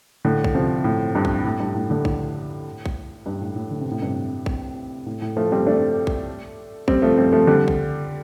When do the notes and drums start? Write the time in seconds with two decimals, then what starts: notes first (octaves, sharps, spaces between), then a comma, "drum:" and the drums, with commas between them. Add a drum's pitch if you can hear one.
0.25 A2 D3
0.44 drum: kick
0.54 C3 F3
0.84 A2
1.15 G2
1.25 drum: kick
1.45 A2
1.60 G2
1.75 A2
1.90 A2 D3
2.05 A2, drum: kick
2.86 drum: kick
3.26 G2
3.41 A2
3.56 A2
3.71 D3
3.81 C3
3.91 A2
4.02 G2 C3
4.46 drum: kick
5.06 A2
5.22 A2
5.37 F3 A3
5.52 G3 C4
5.67 A3 D4
6.07 drum: kick
6.88 G3 C4, drum: kick
7.02 F3 A3
7.18 G3 C4
7.32 F3 A3
7.47 D3 G3
7.68 drum: kick